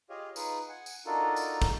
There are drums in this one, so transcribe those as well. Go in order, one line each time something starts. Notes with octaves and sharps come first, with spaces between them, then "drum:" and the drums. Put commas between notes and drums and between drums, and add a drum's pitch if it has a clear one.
F4 G4 G#4 C#5 D#5 F5
D#4 F4 G#4 B4, drum: tambourine
F#5 G#5
drum: tambourine
D4 D#4 F4 F#4 A4 A#4
drum: tambourine
drum: kick, tambourine